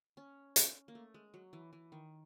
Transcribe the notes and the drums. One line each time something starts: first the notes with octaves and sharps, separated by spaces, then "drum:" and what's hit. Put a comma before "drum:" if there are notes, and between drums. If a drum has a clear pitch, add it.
C#4
drum: hi-hat
A#3
A3
G#3
F#3
E3
E3
D#3